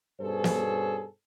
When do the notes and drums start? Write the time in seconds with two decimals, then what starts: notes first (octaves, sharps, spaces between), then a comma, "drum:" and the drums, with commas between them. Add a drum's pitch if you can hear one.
0.20 G2 B2 C#4 G#4 A4 C5
0.44 drum: snare